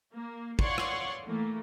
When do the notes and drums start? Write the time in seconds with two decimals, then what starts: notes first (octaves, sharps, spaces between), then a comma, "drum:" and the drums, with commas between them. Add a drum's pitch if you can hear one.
0.13 A#3
0.59 C#5 D5 F5 F#5 C6 C#6, drum: kick
0.78 drum: rim click
1.25 E3 A3 A#3